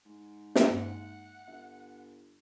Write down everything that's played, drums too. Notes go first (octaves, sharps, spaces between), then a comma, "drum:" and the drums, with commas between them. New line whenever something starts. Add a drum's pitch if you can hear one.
G#2
drum: snare
G2 A#3 F#5
G1 E5